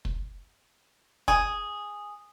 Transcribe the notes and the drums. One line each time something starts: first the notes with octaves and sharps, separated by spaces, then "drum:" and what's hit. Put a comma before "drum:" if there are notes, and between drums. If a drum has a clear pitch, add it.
drum: kick
G#4, drum: kick